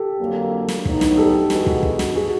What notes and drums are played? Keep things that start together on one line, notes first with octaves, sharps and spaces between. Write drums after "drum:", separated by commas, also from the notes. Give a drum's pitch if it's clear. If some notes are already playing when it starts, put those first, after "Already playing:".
Already playing: G4 A4
F2 D3 F#3 A#3
drum: snare
A2 F#3 B3 D#4, drum: kick
drum: snare
G4 A4
E3 G#3 B3 D#4 F#4, drum: snare
drum: kick
drum: kick
drum: snare
F#4 G#4